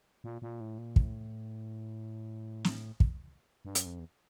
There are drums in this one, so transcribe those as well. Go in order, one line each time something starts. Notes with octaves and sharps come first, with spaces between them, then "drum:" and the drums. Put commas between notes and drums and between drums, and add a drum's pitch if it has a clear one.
A#2
A#2
A2
A#2
A2, drum: kick
drum: snare
drum: kick
G2
F#2, drum: hi-hat
F2
E2